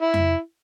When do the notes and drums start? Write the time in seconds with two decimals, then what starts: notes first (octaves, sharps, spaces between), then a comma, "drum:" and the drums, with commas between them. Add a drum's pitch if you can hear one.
0.01 E4
0.14 drum: tom F2